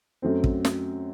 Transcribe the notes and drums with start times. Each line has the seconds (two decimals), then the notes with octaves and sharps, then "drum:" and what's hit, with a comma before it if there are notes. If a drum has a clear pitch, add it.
0.22 F#2 F#3 A3 C4
0.44 drum: kick
0.65 drum: snare